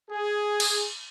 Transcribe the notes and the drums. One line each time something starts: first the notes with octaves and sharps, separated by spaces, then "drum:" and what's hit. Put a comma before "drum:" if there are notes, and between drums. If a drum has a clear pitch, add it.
G#4
drum: cymbal